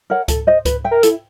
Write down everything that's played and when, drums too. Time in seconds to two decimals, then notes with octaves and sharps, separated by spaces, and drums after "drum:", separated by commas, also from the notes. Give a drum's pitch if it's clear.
0.10 A#4 C#5 F#5
0.28 A4, drum: kick C#2, hi-hat
0.47 C5 D#5
0.65 B4, drum: kick C#2, hi-hat
0.84 E5 G5
0.91 A#4
1.03 E4 A4, drum: hi-hat